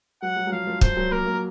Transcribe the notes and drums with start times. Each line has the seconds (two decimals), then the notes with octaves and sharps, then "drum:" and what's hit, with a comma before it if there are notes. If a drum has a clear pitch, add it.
0.22 F#3 F#5
0.37 F#3
0.47 F#3
0.52 F3 F5
0.67 F3
0.81 F3 C5, drum: kick
0.97 F#3
1.12 A#3 A#4
1.26 A#3